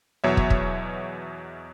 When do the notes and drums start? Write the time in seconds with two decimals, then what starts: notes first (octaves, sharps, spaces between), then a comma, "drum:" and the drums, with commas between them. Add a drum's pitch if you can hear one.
0.24 E2 B2 F#3 C#5 E5
0.37 drum: kick
0.50 drum: kick